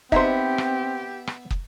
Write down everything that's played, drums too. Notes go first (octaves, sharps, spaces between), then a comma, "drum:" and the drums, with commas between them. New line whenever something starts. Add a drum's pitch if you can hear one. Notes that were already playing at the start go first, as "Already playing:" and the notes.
B3 C4 D#4 G4 C5 E5, drum: kick
drum: rim click
drum: rim click
drum: kick